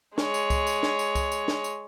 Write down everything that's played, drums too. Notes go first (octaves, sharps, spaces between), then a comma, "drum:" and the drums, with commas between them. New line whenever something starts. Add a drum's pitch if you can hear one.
G#3 C#5, drum: snare
drum: tambourine
drum: kick C2, tambourine
drum: tambourine
drum: snare
drum: tambourine
drum: kick C2, tambourine
drum: tambourine
drum: snare
drum: tambourine